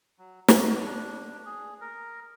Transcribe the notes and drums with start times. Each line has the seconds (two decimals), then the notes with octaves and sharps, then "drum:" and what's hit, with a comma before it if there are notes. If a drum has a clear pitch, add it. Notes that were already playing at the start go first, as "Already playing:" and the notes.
0.19 F#3
0.48 F#4, drum: snare
0.85 D4
1.45 G#4
1.81 A#4